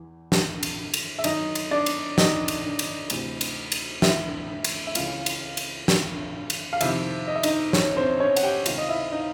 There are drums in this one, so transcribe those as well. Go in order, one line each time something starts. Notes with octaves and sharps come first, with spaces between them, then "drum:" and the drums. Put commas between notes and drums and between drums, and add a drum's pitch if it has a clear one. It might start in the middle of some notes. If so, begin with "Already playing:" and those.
Already playing: E2 E3
drum: snare
drum: cymbal
drum: cymbal
E5
F#2 D#3 D#4 D#5, drum: cymbal
drum: cymbal
D4 D5
drum: cymbal
D#4 D#5, drum: snare
drum: cymbal
drum: cymbal
D2 C3 E3, drum: cymbal
drum: cymbal
drum: cymbal
E4 E5, drum: snare
drum: cymbal
E5
C#2 C#3 E3 F4 F5, drum: cymbal
drum: cymbal
drum: cymbal
drum: snare
drum: cymbal
F5
F2 C3 D#3 E4 E5, drum: cymbal
D#5
E5
D#4 D#5, drum: cymbal
C#4 C#5, drum: snare
C4 C5
C#4 C#5
F#5, drum: cymbal
G4 G5
C#2 C3 D#3 F4 F5, drum: cymbal
D#5
E4 E5
D#4 D#5